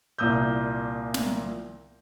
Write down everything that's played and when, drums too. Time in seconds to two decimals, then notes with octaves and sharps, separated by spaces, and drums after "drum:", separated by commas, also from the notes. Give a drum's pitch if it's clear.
0.18 C2 A#2 A#3 D#6 E6 G6
1.14 drum: snare